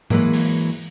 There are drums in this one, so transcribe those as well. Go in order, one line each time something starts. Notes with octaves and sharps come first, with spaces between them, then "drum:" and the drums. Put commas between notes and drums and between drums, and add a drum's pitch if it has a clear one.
E3 F#3 G#3 A#3, drum: tom G#2
drum: open hi-hat